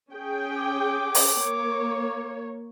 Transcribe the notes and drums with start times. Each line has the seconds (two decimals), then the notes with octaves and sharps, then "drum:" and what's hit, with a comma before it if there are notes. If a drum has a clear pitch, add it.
0.12 C#4 G#4 G5
0.58 D6
1.15 drum: open hi-hat
1.39 A#3 C#5